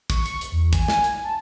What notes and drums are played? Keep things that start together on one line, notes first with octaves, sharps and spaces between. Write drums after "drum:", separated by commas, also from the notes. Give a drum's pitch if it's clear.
C#6, drum: kick, hi-hat
drum: hi-hat
drum: hi-hat
E2
G#5, drum: kick, hi-hat
drum: snare
drum: hi-hat
A5